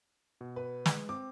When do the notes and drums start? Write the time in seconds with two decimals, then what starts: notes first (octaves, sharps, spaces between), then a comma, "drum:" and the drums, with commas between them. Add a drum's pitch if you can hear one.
0.41 B2
0.56 B4
0.86 G#3, drum: snare
1.09 C4 D6